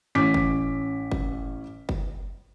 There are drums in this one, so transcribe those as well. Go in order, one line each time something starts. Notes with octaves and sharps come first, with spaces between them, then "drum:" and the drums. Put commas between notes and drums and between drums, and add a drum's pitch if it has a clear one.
A1 C#4 D6 B6
drum: kick F#1
drum: kick F#1
drum: kick F#1